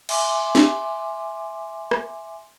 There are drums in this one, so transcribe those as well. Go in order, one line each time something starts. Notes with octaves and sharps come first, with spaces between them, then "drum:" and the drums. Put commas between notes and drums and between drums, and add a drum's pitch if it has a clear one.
E5 G#5 C6 D6, drum: cymbal
drum: snare
drum: rim click